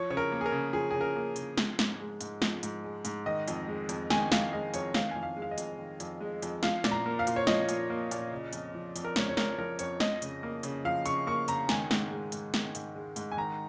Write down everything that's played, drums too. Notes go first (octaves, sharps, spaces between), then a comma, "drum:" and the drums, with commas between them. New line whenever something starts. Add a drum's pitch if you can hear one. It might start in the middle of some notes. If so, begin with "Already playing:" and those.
Already playing: F3 C#5
C#3 C#5
A#4
A#3
G#4
A#4
C#3
F3 G#4
C#3 G#4
A#4
A#3
C#3, drum: hi-hat
F3, drum: snare
G#2, drum: snare
G#3
G#2, drum: hi-hat
F3, drum: snare
G#2, drum: hi-hat
G#3
G#2, drum: hi-hat
D#3 D#5
F2, drum: hi-hat
G#3
F2, drum: hi-hat
D#3 G#5, drum: snare
F2 F5, drum: snare
G#3 D#5
F2 C#5, drum: hi-hat
D#3 F5, drum: snare
F2 G#5
F5
G#3
F5
D#5
F2, drum: hi-hat
D#3
F2, drum: hi-hat
G#3
F2, drum: hi-hat
F3 F5, drum: snare
A#2, drum: snare
A#5
A#3
F5
A#2, drum: hi-hat
C#5
F3 D#5, drum: snare
A#2, drum: hi-hat
A#3
A#2, drum: hi-hat
C#3
F2, drum: hi-hat
F3
F2, drum: hi-hat
A#4
C#3 C#5, drum: snare
C#5
F2 A#4, drum: snare
F3 A#4
F2 C#5, drum: hi-hat
F3 D#5, drum: snare
C#3, drum: hi-hat
A#3
C#3, drum: hi-hat
F3 F5
C#3 C#6, drum: hi-hat
A#3 C#6
C#3 A#5, drum: hi-hat
D#3 G#5, drum: snare
G#2, drum: snare
G#3
G#2, drum: hi-hat
D#3, drum: snare
G#2, drum: hi-hat
G#3
G#2, drum: hi-hat
G#5
D#3 A#5